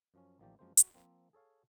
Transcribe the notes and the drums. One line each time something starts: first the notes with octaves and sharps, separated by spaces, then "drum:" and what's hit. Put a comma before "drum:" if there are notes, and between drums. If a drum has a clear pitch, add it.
F#2 F3 C#4
A1 D#3 F3 A#3 G4 D5
F#2 F3 G#3 A#3 C4 C5
F#4, drum: hi-hat
F3 A#3 C4
G#4 A4 C#5 F5